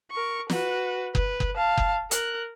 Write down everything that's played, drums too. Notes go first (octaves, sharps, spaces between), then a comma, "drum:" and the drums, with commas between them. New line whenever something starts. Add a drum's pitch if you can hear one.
A#4 C#6
F#4 B4, drum: snare
B4, drum: kick F#1
drum: kick F#1
F5 A5
drum: kick F#1
A#4 F#6, drum: hi-hat